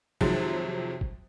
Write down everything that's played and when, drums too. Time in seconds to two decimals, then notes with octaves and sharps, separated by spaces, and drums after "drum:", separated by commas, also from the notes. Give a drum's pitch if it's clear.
0.21 F2 C3 D#3 F#3 G#3 A6, drum: kick G1
1.01 drum: kick G1